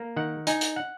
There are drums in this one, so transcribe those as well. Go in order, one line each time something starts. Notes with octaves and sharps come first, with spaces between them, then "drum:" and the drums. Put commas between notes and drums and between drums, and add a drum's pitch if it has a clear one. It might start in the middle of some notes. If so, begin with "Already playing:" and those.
Already playing: A#3
D#3 F#5
D#4 G#5, drum: hi-hat
drum: hi-hat
F#5